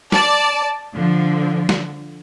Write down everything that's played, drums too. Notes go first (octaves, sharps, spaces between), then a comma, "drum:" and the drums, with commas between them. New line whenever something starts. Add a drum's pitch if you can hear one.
D5 A5, drum: snare
D3 F3
drum: snare